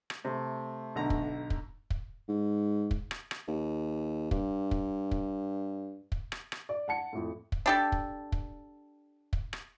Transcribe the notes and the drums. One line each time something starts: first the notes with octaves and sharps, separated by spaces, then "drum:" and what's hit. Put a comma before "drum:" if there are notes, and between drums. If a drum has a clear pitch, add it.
drum: rim click
C3 A3
B1 D3 A#5
drum: kick
drum: kick
drum: kick
G#2
drum: kick
drum: rim click
drum: rim click
D#2
G2, drum: kick
drum: kick
drum: kick
drum: kick
drum: rim click
drum: rim click
D5
F#5 A5 C#7
F2 A2
drum: kick
D4 G4 A4
drum: kick
drum: kick
drum: kick
drum: rim click